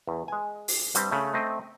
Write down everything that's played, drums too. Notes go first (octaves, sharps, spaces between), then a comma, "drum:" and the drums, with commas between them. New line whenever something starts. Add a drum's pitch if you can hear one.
E2
G#3 G#5
drum: open hi-hat
G2 G3 C4, drum: hi-hat
C#3 A3
A3 C4 D#5